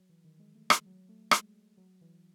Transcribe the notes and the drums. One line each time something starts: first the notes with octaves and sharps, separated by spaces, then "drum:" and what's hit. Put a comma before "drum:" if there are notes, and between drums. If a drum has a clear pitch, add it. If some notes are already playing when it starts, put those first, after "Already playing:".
Already playing: F#3
E3
D#3
G#3
A3
G#3, drum: rim click
F#3
A3
G#3, drum: rim click
F#3
E3